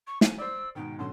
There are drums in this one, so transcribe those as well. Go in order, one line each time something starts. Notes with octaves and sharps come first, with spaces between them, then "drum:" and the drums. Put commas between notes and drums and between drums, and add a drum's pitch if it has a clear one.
C#6
G#5, drum: snare
C5 D5 E6
G#2 B2 D#3 G5
F#2 B2 D3 C6